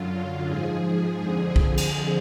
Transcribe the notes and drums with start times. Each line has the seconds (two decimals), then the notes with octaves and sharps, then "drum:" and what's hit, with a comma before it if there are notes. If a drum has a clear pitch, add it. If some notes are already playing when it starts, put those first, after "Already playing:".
Already playing: F#2 D3 F#3 F4
0.48 G#2 F3 G#4
1.20 F2 D3 F3 G#4
1.56 drum: kick
1.77 drum: cymbal